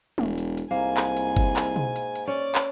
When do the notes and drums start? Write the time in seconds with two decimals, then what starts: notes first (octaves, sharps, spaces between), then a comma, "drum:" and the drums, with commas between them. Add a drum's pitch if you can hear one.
0.18 E1, drum: tom
0.38 drum: hi-hat
0.57 drum: hi-hat
0.71 C2 G#2 A#3 G#5
0.97 drum: clap
1.17 drum: hi-hat
1.36 drum: kick G1, hi-hat
1.56 drum: clap
1.76 drum: tom B2
1.96 drum: hi-hat
2.16 drum: hi-hat
2.28 C#4 D5
2.55 drum: clap